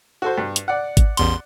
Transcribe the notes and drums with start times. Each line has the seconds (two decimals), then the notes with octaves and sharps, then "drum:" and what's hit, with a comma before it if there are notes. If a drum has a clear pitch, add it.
0.22 F#4 A4 C5
0.38 G2
0.56 drum: hi-hat
0.68 D5 F#5
0.97 drum: kick G#1, hi-hat
1.17 A1 E2 C6, drum: hi-hat